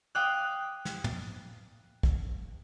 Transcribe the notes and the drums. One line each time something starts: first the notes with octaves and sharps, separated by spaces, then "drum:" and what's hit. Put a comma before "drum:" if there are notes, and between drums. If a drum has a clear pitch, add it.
F5 G5 D6 D#6 F6 F#6
drum: snare
drum: tom
drum: kick